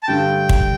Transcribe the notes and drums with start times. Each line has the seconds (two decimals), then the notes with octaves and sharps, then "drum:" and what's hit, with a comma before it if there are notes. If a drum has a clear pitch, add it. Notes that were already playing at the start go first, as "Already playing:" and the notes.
0.03 A5
0.07 G2 D3 G3 G5
0.49 drum: kick